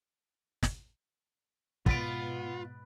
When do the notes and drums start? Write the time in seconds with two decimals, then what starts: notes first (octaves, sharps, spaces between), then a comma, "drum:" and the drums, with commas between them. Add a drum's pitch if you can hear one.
0.63 drum: snare
1.86 G#2 B2 B3 F4 A6 B6 D7, drum: kick